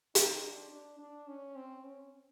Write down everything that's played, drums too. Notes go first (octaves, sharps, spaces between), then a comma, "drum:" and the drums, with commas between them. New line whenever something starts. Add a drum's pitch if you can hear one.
D#4, drum: hi-hat
D4
D4
D4
C#4
C4
C#4